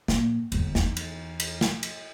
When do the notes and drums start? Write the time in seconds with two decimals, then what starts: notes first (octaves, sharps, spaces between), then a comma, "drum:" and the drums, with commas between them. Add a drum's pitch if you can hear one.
0.08 A#2, drum: snare
0.52 G1 E2, drum: cymbal
0.75 E2 D#4, drum: snare
0.97 drum: cymbal
1.40 drum: cymbal
1.61 drum: snare
1.83 drum: cymbal